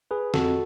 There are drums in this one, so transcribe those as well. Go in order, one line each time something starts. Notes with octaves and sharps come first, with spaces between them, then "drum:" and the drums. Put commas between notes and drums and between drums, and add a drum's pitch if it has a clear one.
G#4 B4
F2 F#4 A4, drum: snare